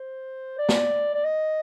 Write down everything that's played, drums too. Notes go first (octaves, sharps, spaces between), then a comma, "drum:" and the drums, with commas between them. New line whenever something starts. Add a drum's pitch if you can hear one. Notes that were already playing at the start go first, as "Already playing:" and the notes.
Already playing: C5
D5
drum: snare
D5
D#5